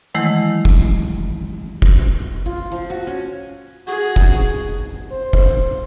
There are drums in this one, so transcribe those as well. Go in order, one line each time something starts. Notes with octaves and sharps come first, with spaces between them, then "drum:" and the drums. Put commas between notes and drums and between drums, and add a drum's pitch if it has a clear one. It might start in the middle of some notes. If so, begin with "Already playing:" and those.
D#3 E3 F#3 G#3 A3 E4
drum: kick
drum: kick
F4
F3
F#4
C#4
F#4 G#4
drum: kick
C5
drum: kick